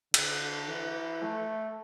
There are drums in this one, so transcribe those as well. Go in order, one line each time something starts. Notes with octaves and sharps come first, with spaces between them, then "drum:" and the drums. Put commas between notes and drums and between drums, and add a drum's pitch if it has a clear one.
D3, drum: cymbal
E3
A3